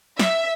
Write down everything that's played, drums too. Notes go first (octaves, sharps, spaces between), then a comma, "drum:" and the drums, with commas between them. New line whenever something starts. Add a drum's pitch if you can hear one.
E5, drum: snare